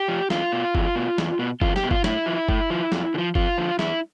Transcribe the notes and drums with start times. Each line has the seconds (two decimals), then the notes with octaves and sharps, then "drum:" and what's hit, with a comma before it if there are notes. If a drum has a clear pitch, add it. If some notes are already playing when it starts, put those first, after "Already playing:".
Already playing: G4
0.08 F3
0.30 E2 F4, drum: snare
0.52 B2
0.75 E2, drum: kick F#1
0.96 B2
1.18 E2, drum: snare
1.39 B2
1.61 E2 F4, drum: kick F#1
1.76 G4, drum: snare
1.83 B2
1.91 F4, drum: kick F#1
2.04 A2 E4, drum: snare
2.26 F3
2.49 A2, drum: kick F#1
2.70 F3
2.92 F2, drum: snare
3.14 D3
3.18 F3
3.35 F2 F4, drum: kick F#1
3.58 D3 F3
3.79 E2 E4, drum: snare